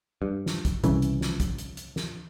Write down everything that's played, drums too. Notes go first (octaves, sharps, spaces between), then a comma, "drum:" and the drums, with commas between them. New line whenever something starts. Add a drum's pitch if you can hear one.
G2
drum: snare
drum: kick, hi-hat
C2 C#3 E3, drum: hi-hat
drum: hi-hat
drum: snare
drum: kick, hi-hat
drum: hi-hat
drum: hi-hat
drum: snare